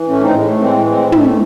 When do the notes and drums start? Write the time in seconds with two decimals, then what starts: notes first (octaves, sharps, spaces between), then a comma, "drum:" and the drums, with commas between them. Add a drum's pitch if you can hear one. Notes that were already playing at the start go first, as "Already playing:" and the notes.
Already playing: E3
0.08 A2 A3 C#4
0.21 C4 D#4
0.34 A2 G#3
0.47 A3
0.60 E3 G#3 C4
0.86 A2 G#3 C4
1.12 A2 A3, drum: tom